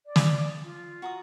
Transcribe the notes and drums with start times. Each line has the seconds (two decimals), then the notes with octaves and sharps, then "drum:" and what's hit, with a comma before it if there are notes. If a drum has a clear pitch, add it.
0.06 D5
0.16 drum: snare
0.34 D#6
0.62 F4
1.02 F#4 A#5 D#6